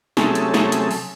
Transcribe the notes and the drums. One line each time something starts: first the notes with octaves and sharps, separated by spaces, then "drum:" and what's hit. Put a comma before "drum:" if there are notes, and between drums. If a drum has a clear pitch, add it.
C3 F#3 A3 C#4 G#4 A5, drum: snare
drum: hi-hat
drum: snare
drum: hi-hat
drum: open hi-hat